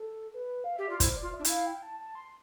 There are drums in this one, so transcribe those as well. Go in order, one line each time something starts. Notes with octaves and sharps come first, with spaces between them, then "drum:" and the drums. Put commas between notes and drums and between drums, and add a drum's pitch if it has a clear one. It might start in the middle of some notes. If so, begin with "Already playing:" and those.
Already playing: A4
B4
F5
G4 E5
F4 D5
E4 C5, drum: kick, hi-hat
D5
F4
E5
D4
E4 F5, drum: hi-hat
G5
A5
A5
C6